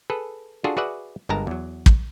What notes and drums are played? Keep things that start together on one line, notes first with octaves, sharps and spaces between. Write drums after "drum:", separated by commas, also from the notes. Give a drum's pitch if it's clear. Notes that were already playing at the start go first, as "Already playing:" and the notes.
G#4 A4 B4
D4 F4 F#4 G#4 A4
F#4 G#4 B4 D5 E5 F#5
G1 G2 G#3 A#4 A5 A#5
E2 F#3
drum: kick